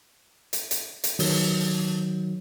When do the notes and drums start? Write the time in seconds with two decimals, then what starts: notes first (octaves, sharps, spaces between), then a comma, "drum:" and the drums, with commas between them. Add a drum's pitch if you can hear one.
0.53 drum: hi-hat
0.71 drum: hi-hat
1.04 drum: hi-hat
1.19 D#3 F#3, drum: open hi-hat